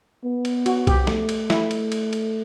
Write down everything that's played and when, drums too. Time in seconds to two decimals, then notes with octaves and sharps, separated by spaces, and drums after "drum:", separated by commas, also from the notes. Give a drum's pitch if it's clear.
0.24 B3
0.45 drum: cymbal
0.66 F#4, drum: cymbal
0.87 G4, drum: kick C2, cymbal
1.07 A3, drum: snare
1.29 drum: cymbal
1.50 E4, drum: snare
1.71 drum: cymbal
1.92 drum: cymbal
2.13 drum: cymbal